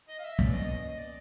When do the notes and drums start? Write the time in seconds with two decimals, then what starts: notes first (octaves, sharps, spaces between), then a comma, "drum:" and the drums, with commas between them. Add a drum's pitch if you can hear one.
0.09 D#5
0.19 F5
0.24 E5
0.39 C#2 B2 F#3 A#3 C#4 D5, drum: kick
0.54 D#5
0.69 D#5
0.99 D5